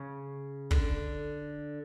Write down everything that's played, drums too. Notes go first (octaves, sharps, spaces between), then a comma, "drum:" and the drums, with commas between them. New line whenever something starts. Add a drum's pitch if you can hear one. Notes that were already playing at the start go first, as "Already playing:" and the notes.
Already playing: C#3
D3, drum: kick